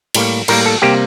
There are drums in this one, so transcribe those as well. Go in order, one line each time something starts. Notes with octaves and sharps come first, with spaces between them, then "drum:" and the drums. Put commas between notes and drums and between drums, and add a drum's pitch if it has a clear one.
A2 G3 A#3, drum: cymbal
A2 G3 A#3 A#4, drum: cymbal
A4
C3 G3 A#3 G4